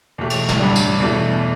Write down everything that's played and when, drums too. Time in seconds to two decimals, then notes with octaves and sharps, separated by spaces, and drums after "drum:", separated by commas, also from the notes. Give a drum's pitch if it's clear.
0.18 E2 B2 A3 G4
0.30 drum: cymbal
0.48 drum: snare
0.59 A1 G2 G3 D4
0.76 drum: tambourine
1.00 E2 B2 A3 E4